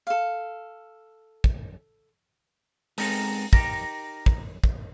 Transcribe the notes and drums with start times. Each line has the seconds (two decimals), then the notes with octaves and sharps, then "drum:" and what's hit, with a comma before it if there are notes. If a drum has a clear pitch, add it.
0.07 A4 F5
1.44 drum: kick
2.98 G#3 B3 C4 D#4 A4 A#4, drum: open hi-hat
3.53 D#4 G4 A#4, drum: kick
4.26 drum: kick
4.64 drum: kick